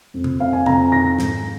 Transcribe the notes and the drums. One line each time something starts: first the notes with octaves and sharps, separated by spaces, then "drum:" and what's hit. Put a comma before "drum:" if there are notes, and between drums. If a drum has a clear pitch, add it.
F2
drum: tom
F2 F5
G#5
F2 A#5, drum: tom
D#3 A#6
G#2, drum: snare